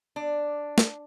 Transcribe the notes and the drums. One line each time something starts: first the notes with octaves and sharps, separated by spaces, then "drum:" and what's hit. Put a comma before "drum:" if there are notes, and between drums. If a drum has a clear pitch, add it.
D4
drum: snare